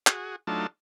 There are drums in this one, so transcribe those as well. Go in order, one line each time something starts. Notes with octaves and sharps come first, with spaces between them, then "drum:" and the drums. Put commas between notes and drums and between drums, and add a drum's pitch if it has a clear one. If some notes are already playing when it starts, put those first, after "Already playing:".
F#4 G#4, drum: clap
F#3 A3 D4 D#4 F4 A5